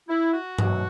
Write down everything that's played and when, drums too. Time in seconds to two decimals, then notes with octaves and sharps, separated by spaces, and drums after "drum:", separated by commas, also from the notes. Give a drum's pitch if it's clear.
0.09 E4
0.34 F#4
0.59 B2 F#3 A3, drum: tom G2